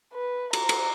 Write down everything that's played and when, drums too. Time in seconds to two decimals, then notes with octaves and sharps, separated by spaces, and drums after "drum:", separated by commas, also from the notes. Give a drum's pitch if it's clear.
0.14 B4
0.53 A#5, drum: cymbal
0.69 drum: cymbal